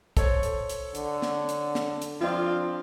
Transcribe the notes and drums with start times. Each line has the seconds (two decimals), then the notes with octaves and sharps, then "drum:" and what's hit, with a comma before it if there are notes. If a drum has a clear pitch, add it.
0.17 A4 C5 C#5, drum: kick, hi-hat
0.43 drum: hi-hat
0.69 drum: hi-hat
0.95 D3, drum: hi-hat
1.22 drum: snare
1.49 drum: hi-hat
1.75 drum: snare
2.02 drum: hi-hat
2.21 F3 C4 D4 F4